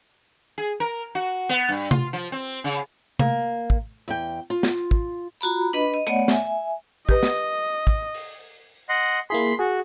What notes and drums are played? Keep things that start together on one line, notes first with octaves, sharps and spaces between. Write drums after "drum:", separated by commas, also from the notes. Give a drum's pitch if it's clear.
G#4
A#4
F#4
B3, drum: hi-hat
G2
F4, drum: tom C3
F3
C4
C#3
A#3, drum: tom C3
drum: kick
E2 G5
F4
drum: snare
drum: kick
F4 F#4 A#5 B5
D4 B4 D#5 B5
D#5
A3 B3 C#5 D5 F#5, drum: hi-hat
E5 G#5, drum: snare
G4 B4 D#5, drum: kick
drum: snare
drum: kick
drum: open hi-hat
D#5 F#5 C6
A#3 E4 G#4 B5 C6
F#4 G#4